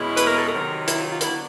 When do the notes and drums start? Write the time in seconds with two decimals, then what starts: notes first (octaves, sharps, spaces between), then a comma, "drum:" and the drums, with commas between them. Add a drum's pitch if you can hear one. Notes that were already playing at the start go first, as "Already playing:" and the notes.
Already playing: E2 B2 G#3 C#4 E4
0.17 B4, drum: hi-hat
0.28 A#4
0.38 A4
0.49 C3 D#3 F#3 A#4
0.88 E4, drum: hi-hat
1.00 F4
1.12 F4
1.21 D3 F#3 B3 D4 E4, drum: hi-hat